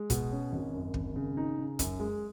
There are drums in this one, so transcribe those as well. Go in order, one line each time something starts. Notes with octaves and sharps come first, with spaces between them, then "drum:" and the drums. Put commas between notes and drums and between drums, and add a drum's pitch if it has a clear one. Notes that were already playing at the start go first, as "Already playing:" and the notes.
Already playing: G#3
B2, drum: kick, hi-hat
C#4
G#1
F#2
G#1, drum: kick
C#3
D#4
C#3
F#2, drum: kick, hi-hat
G#3